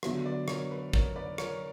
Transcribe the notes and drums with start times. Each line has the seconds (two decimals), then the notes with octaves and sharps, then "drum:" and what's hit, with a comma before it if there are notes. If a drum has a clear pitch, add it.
0.03 D3 F#3 B3 F#4 C#5 E5, drum: rim click
0.25 B4 D5
0.48 A#4 C#5, drum: rim click
0.71 B4
0.93 A#4 C#5, drum: kick
1.16 B4 D5
1.38 A#4 C#5, drum: rim click